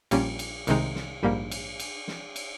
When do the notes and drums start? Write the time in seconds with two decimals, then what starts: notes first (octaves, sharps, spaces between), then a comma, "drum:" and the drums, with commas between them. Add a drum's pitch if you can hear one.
0.11 A#1 A#2 G3 A#3 C#4, drum: cymbal
0.39 drum: cymbal
0.67 C2 C3 D#3 G#3 D#4, drum: cymbal
0.95 drum: snare
1.23 A#1 G#2 G3 A#3
1.51 drum: cymbal
1.80 drum: cymbal
2.08 drum: snare
2.36 drum: cymbal